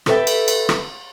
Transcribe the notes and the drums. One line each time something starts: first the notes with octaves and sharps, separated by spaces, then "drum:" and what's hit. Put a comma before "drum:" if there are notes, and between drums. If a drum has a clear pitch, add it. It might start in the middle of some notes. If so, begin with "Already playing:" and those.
G4 A4 B4 C#5 E5 G5, drum: rim click
drum: cymbal
drum: cymbal
drum: rim click